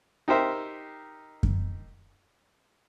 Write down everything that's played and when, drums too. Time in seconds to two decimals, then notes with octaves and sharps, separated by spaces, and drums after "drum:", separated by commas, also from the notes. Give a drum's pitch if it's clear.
0.28 D#4 G4 A#4 C5 E5
1.43 drum: kick F#2